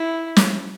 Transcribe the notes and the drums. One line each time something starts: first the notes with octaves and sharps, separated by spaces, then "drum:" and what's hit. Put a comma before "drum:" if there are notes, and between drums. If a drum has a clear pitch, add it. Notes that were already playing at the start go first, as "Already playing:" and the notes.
Already playing: E4
drum: snare